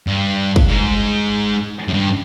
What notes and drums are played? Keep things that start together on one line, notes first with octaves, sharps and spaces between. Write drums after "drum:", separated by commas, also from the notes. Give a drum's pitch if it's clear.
G2
drum: kick
G#2
F#2
G2